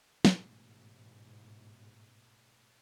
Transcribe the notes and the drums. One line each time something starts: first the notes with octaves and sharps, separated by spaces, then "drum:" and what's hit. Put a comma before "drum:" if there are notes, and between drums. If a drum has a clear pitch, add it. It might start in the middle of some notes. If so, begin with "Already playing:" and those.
A1 G#2 B2, drum: snare